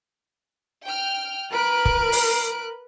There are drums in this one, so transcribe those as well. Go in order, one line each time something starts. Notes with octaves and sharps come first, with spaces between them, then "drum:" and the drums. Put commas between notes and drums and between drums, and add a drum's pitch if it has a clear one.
G5 F6
A#4 B4 F#6 D7
drum: kick
drum: open hi-hat